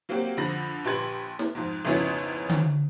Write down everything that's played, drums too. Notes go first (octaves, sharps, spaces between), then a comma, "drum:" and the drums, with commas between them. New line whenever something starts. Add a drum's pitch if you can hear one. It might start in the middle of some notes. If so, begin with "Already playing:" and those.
F#3 A#3 C4 F#4 G4
F2 D3 F3 B5 A#6 F#7
A#1 G4 B4 C6 G#6 F#7
drum: snare
F2 G#2
G#1 F2 C#3 B3 C#4 E4
drum: tom D3